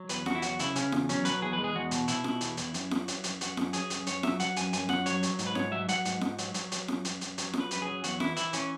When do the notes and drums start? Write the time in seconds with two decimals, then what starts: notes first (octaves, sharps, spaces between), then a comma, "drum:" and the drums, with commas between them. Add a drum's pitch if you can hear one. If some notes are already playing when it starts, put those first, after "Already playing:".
Already playing: F#3
0.09 E2 B4, drum: hi-hat
0.26 E2 F#4, drum: snare F4
0.35 E4
0.42 F#3 F#4, drum: hi-hat
0.59 C#3 E4, drum: hi-hat
0.76 C#3 C#4, drum: hi-hat
0.92 E2, drum: snare F4
1.09 F#3 C#4, drum: hi-hat
1.25 F#3 B4, drum: hi-hat
1.42 E2 G#4
1.53 G#3 B4
1.64 G#4
1.75 E2 F#4
1.91 B2, drum: hi-hat
2.08 B2 E4, drum: hi-hat
2.24 B2, drum: snare F4
2.41 E2, drum: hi-hat
2.57 E2, drum: hi-hat
2.74 F#2, drum: hi-hat
2.91 F#2, drum: snare F4
3.08 F#3, drum: hi-hat
3.24 F#2, drum: hi-hat
3.41 F#2 F#4, drum: hi-hat
3.57 F#2, drum: snare F4
3.73 F#3 G#4, drum: hi-hat
3.90 F#2, drum: hi-hat
4.07 F#2 C#5, drum: hi-hat
4.23 F#3 E5, drum: snare F4
4.40 F#3 F#5, drum: hi-hat
4.56 F#2 G#5, drum: hi-hat
4.73 F#2 G#5, drum: hi-hat
4.89 F#2 F#5, drum: snare F4
5.06 F#3 C#5, drum: hi-hat
5.23 F#3, drum: hi-hat
5.39 G#2, drum: hi-hat
5.47 B4
5.55 G#2 C#5, drum: snare F4
5.72 F#3 E5
5.89 F#3 F#5, drum: hi-hat
6.05 G#2, drum: hi-hat
6.21 G#2, drum: snare F4
6.38 F#3, drum: hi-hat
6.54 F#3, drum: hi-hat
6.72 F#3, drum: hi-hat
6.88 F#2, drum: snare F4
7.05 F#2, drum: hi-hat
7.21 F#2, drum: hi-hat
7.38 F#3, drum: hi-hat
7.53 F#3, drum: snare F4
7.60 B4
7.71 F#2 B4, drum: hi-hat
7.82 F#3 G#4
8.04 E2 F#4, drum: hi-hat
8.20 E3 E4, drum: snare F4
8.37 E3 E4, drum: hi-hat
8.53 E3 C#4, drum: hi-hat